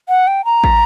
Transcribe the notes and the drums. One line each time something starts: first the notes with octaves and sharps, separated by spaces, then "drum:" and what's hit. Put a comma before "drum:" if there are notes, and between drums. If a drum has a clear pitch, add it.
F#5
G5
A#5
drum: kick